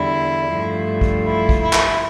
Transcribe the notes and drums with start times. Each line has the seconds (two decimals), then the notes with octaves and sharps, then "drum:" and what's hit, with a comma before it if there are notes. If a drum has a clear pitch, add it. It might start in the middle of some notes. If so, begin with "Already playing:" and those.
Already playing: E2 D3 G3 E4
0.53 G2 F3 A3
1.01 drum: kick
1.26 E4
1.49 drum: kick
1.61 E4
1.73 drum: clap